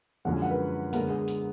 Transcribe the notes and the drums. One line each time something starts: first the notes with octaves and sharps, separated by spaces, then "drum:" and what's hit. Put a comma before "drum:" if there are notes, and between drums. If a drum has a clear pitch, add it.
F#2 D3 F3 G#3 F#5
G#5
F#5
B4
D3 G#3 B3 A#4, drum: hi-hat
G#4
drum: hi-hat